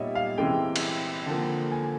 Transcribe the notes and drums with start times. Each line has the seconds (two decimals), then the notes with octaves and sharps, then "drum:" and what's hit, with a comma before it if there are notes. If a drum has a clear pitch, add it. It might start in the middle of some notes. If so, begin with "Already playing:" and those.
Already playing: A#2 G3 B3 D#4 C#5 D#5 E5
0.15 F5
0.38 C3 E3 G#3 G5
0.76 drum: cymbal
1.26 D3 F3 A#3
1.72 G#5